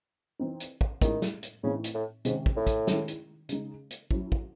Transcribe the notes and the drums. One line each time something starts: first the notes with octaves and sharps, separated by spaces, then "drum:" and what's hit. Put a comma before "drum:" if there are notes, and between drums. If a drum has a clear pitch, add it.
E3 C4 D#4
drum: hi-hat
drum: kick
A2 D#3 G#3 C#4 E4, drum: kick, hi-hat
drum: snare
drum: hi-hat
A2 C#3 E3 C4 D#4
drum: hi-hat
A2
G#2 C3 D#3 G#3 C#4, drum: hi-hat
drum: kick
A2
drum: kick, hi-hat
D#3 G#3 C#4 E4, drum: snare
drum: hi-hat
C#3 G#3 D#4, drum: hi-hat
drum: hi-hat
F#3 C#4 E4, drum: kick
drum: kick